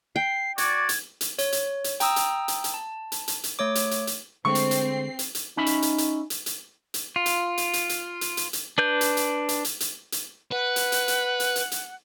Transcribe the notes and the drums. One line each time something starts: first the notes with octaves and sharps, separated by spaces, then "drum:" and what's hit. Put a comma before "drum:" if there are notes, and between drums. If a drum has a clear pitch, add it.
G5 C7
F#4 D5 G#6, drum: hi-hat
drum: hi-hat
drum: hi-hat
C#5, drum: hi-hat
drum: hi-hat
drum: hi-hat
G5 A#5 D#6 E6, drum: hi-hat
drum: hi-hat
drum: hi-hat
drum: hi-hat
A5
drum: hi-hat
drum: hi-hat
drum: hi-hat
A3 C#5 D6
drum: hi-hat
drum: hi-hat
drum: hi-hat
D3 G#3 A3 C4 C5 C#6 C7
drum: hi-hat
drum: hi-hat
drum: hi-hat
drum: hi-hat
C#4 D#4 E5 B5
drum: hi-hat
drum: hi-hat
drum: hi-hat
drum: hi-hat
drum: hi-hat
drum: hi-hat
F4
drum: hi-hat
drum: hi-hat
drum: hi-hat
drum: hi-hat
drum: hi-hat
drum: hi-hat
drum: hi-hat
D4 B4 G6
drum: hi-hat
drum: hi-hat
drum: hi-hat
drum: hi-hat
drum: hi-hat
drum: hi-hat
B4 F#5
drum: hi-hat
drum: hi-hat
drum: hi-hat
drum: hi-hat
drum: hi-hat
drum: hi-hat